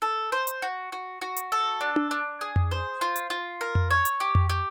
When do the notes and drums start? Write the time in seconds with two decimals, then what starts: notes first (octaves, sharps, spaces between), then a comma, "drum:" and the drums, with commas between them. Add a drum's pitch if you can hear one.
0.02 A4
0.32 C5
0.47 drum: hi-hat
0.62 F#4
0.92 F#4
1.21 F#4
1.36 drum: hi-hat
1.52 A4
1.81 D4
1.96 drum: tom D4
2.11 D4
2.41 G#4
2.56 drum: tom F2
2.71 C5
3.01 F4
3.16 drum: hi-hat
3.30 F4
3.61 A#4
3.75 drum: tom F2
3.91 C#5
4.05 drum: hi-hat
4.20 G4
4.35 drum: tom F2
4.49 G4